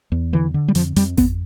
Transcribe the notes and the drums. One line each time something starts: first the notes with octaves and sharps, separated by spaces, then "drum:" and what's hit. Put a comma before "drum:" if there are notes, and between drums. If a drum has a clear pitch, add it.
E2
D3 E3
D3
G3
F2 F3, drum: hi-hat
F2 G3, drum: hi-hat
F2 B3, drum: kick G#1, open hi-hat